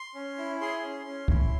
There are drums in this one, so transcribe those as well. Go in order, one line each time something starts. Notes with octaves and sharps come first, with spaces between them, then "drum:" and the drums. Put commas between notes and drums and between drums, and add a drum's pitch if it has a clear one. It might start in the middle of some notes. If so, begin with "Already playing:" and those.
Already playing: C6
C#4
E4
G#4 C6
C#4
C#4
E4, drum: kick